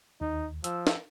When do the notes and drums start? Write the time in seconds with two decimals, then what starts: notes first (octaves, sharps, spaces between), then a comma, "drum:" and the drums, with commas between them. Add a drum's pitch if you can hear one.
0.21 D#2 D#4
0.64 F3 E6, drum: hi-hat
0.87 drum: snare